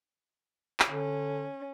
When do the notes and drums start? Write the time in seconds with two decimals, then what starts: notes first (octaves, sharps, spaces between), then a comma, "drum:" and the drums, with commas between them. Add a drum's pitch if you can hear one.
0.80 drum: clap
0.89 D3 C#4